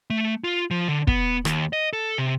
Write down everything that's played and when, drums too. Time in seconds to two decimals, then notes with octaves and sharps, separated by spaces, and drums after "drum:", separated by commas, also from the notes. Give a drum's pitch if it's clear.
0.10 A3
0.44 F4
0.71 F3
0.88 D3
1.07 B3, drum: kick
1.45 D#2, drum: rim click
1.73 D#5
1.93 A4
2.18 C3